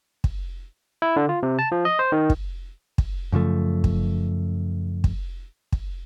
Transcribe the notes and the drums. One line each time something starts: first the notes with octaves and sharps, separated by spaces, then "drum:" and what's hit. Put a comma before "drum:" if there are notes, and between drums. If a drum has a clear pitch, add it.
drum: kick
E4
D3
F4
C3
A5
F3
D#5
C5
D#3
drum: kick
drum: kick
F#2 C#3 F3 A3
drum: kick
drum: kick
drum: kick